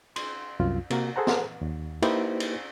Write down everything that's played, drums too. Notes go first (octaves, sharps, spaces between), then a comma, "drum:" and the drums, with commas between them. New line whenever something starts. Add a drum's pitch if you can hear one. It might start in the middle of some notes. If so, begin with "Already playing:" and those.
C6, drum: cymbal
C2 F#2 F4
C3 A#3 F#4 A#4, drum: cymbal
G#4 A4 C5 F#5 A#5
drum: snare
D#2
A#3 D#4 E4 G4 B4 C5, drum: cymbal
drum: cymbal